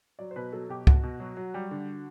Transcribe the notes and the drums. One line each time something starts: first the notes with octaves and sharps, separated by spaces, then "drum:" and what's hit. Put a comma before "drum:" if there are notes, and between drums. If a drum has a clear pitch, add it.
F#3 D5
C5
B2 B4
F#3 A4
B2 G4
B2 F#4, drum: kick C#2
B2
F#3
F#3
G3
D3